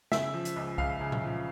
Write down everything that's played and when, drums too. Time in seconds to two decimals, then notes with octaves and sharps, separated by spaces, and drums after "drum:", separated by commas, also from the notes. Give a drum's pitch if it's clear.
0.12 C#3 E5, drum: snare
0.34 F3
0.45 drum: hi-hat
0.56 C#2
0.78 C#2 F5, drum: kick
1.01 C#3
1.12 drum: tom A#2
1.23 F3